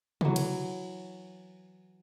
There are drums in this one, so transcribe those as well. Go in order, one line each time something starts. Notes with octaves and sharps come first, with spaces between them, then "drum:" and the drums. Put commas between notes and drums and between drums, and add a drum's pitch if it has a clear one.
E3 F#3, drum: tom C3
drum: cymbal